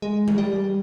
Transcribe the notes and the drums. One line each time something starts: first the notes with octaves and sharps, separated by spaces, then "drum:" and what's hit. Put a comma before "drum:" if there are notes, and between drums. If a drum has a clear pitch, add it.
G#3
drum: tom G3
G3